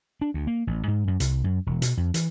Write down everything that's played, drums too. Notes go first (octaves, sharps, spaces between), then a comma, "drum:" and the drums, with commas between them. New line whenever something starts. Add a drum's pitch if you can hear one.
D4
D2
A#3
A1
G#2
F#2
C2, drum: hi-hat
F#2
E1
B2, drum: hi-hat
F2
E3, drum: hi-hat